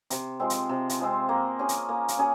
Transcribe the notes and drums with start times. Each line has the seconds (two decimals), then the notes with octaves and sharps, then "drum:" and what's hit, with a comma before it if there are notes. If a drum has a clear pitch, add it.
0.10 C3, drum: hi-hat
0.40 F3 G#3 C4
0.50 drum: hi-hat
0.69 C3
0.89 drum: hi-hat
1.00 F3 G#3 C4
1.29 A#3
1.59 C#4 G#4
1.69 drum: hi-hat
1.89 A#3
2.08 drum: hi-hat
2.19 C#4 G#4